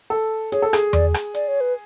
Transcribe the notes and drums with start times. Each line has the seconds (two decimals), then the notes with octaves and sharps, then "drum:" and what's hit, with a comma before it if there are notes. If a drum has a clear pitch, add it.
0.10 A4
0.52 G#4 C#5, drum: hi-hat
0.62 A4
0.73 G#4, drum: rim click
0.93 D5, drum: tom E2
1.14 drum: rim click
1.35 D5, drum: hi-hat
1.48 C#5
1.61 B4